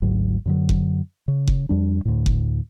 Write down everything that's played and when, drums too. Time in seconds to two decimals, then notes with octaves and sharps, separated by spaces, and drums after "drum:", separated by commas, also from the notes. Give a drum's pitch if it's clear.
0.02 G#1 D2 G#2 F#3
0.46 F#2 D3 F#3
0.69 drum: kick F#1
1.28 C#3
1.48 drum: kick F#1
1.69 F2 G3 D4
2.05 D2 A2
2.26 drum: kick F#1